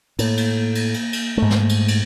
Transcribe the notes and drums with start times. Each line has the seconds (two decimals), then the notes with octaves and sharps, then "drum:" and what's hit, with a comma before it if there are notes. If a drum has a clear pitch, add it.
0.19 A2 A#3, drum: cymbal
0.37 drum: cymbal
0.75 drum: cymbal
0.94 drum: cymbal
1.13 drum: cymbal
1.37 G#2 A3
1.50 drum: snare
1.69 drum: cymbal
1.88 drum: cymbal